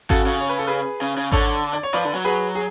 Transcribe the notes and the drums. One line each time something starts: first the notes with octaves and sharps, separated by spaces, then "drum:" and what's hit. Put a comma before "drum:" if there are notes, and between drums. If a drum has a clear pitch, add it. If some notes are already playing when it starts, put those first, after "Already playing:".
C#3 F#4 A4, drum: kick G#1
C#3
C#5
B4
A4
G#4 B4
C#3
C#3
D3 A4 C#5, drum: kick G#1
D5
C#5
F3 B4 D5
D3
F#3
G#4 B4
G#4